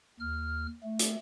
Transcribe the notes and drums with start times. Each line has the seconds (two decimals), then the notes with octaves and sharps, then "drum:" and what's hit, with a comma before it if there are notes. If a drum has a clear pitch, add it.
0.20 D#2 F6
0.83 A3
0.99 drum: hi-hat